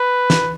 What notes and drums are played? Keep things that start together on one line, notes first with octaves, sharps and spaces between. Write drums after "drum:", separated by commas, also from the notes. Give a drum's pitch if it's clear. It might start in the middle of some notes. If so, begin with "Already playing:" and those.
Already playing: B4
drum: snare